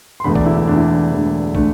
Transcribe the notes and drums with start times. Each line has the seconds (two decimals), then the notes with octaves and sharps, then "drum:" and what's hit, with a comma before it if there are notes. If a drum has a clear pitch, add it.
0.20 C6
0.24 E1 E2 D3 A3 B5
0.35 D5, drum: kick
0.46 E4
0.58 E4
0.67 E1 E2 D3 A3 D4
0.77 E4
1.11 E1 E2 D3 A3
1.55 D3 A3 D4, drum: kick